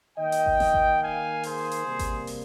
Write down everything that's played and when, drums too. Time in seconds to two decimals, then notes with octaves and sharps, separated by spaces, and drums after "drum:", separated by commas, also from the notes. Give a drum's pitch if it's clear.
0.18 D#3 A#3 D#5 G5
0.32 drum: hi-hat
0.46 drum: kick G#1
0.60 drum: snare F1
0.74 drum: kick G#1
1.02 F5 G#5
1.43 G#4 C5, drum: open hi-hat
1.72 drum: hi-hat
1.86 C3 G3 A#3
1.99 drum: kick G#1, hi-hat
2.27 drum: open hi-hat